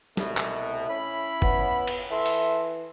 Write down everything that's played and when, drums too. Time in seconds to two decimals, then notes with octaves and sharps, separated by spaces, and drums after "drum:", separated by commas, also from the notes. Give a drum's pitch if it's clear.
0.17 C2 B2 A3, drum: snare
0.37 drum: clap
0.88 C#4 E4 B5
1.42 B3, drum: kick
1.87 drum: cymbal
2.11 E3 A4 E5 C6
2.26 drum: open hi-hat